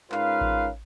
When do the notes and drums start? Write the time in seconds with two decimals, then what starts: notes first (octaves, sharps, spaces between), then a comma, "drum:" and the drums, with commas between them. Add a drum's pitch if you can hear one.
0.12 G#2 C#4 F4 A#4 B4 F5, drum: clap
0.41 drum: kick A1